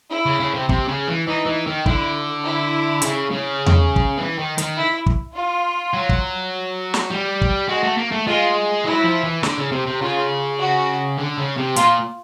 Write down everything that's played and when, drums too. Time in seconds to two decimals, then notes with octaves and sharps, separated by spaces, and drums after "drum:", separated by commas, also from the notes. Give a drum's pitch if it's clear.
0.10 E4
0.26 C#3
0.40 C#3
0.54 C3
0.69 C3, drum: kick
0.88 C#3
1.08 E3
1.28 E3 D#4
1.46 E3
1.67 D#3
1.86 D3 E4, drum: kick
2.44 E4
3.02 C#3, drum: hi-hat
3.31 C#3
3.66 drum: tom E2
3.96 drum: kick
4.18 E3
4.39 D#3
4.58 D#3, drum: hi-hat
4.77 E4
5.06 drum: kick
5.35 F4
5.94 F#3
6.09 drum: kick
6.94 drum: snare
7.11 G3
7.42 drum: kick
7.68 G#3 F#4
7.83 A3
7.97 A#3
8.12 A3
8.26 G#3 F4
8.84 F#3 E4
9.05 F3
9.24 E3
9.43 D3, drum: snare
9.58 C#3
9.72 C3
9.87 C3
10.02 C#3 F4
10.59 F#4
11.18 D3
11.37 C#3
11.57 C3
11.76 A#2 F4, drum: hi-hat